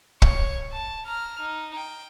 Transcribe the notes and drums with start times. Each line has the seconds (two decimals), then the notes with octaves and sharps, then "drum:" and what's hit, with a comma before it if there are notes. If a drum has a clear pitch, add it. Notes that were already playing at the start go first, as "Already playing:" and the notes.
0.22 C#5 C#6, drum: kick
0.73 A5
1.06 A#5 F6
1.40 D#4
1.75 G5